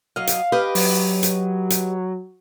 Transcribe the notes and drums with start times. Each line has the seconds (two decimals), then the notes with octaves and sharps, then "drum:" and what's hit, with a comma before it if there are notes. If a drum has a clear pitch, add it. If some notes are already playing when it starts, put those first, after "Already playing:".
0.16 F#3 D#5 F5
0.27 drum: hi-hat
0.52 G4 B4 D#5
0.75 F#3, drum: open hi-hat
1.23 drum: hi-hat
1.70 drum: hi-hat